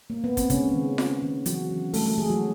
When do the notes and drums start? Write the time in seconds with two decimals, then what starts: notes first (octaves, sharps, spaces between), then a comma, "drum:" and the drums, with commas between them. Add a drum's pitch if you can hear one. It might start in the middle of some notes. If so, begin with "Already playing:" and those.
0.10 A#3
0.24 B3
0.37 C4, drum: kick, hi-hat
0.50 C#3 G#3 C#4, drum: kick, hi-hat
0.73 D#3
0.98 G#3, drum: snare F4
1.22 D#3
1.46 E3 F#3 F#4, drum: hi-hat
1.70 E3
1.94 G3 A3 A4, drum: open hi-hat
2.05 A3 A4
2.18 E3 G#3 G#4
2.30 F#3 F#4